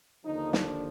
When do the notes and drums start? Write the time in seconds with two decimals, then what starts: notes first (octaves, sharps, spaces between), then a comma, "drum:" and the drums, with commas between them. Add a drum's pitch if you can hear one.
0.25 D#2 D3 F3 D#4
0.53 D4, drum: snare